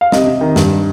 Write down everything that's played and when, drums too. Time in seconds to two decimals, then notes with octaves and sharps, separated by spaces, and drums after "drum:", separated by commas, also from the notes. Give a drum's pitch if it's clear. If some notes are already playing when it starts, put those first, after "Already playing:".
0.01 F5
0.12 C3 D#5, drum: snare
0.26 C3
0.41 D#3
0.56 G2, drum: snare